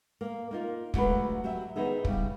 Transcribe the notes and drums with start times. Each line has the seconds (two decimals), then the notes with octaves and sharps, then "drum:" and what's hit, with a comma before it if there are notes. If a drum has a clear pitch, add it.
0.21 A#3
0.51 A#3 D#4 F4
0.94 D2 F#3 G#3 F#4 B4, drum: kick
1.44 F#3 G4 E5
1.76 D#3 B3 D#4 G#4 E5
2.05 C#3 G3, drum: kick